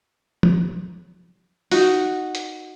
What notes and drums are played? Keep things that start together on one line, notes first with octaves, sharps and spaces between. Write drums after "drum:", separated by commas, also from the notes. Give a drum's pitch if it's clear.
drum: tom
D#4 F#4, drum: open hi-hat
drum: hi-hat